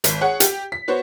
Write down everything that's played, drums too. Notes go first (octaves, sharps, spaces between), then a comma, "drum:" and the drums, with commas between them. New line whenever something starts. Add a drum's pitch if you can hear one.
G#1, drum: hi-hat
G#4 C#5 F#5
G4, drum: hi-hat
B6
B3 F#4 C5 C#5